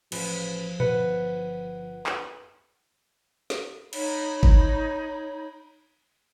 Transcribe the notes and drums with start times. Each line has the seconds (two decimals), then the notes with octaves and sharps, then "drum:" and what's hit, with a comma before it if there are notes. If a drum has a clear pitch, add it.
0.12 A1 F3 G#4 B4, drum: cymbal
0.80 G1 B4 F#5, drum: tom A#2
2.06 drum: clap
3.50 drum: snare
3.93 D#4 C#5 B5, drum: cymbal
4.43 drum: kick G1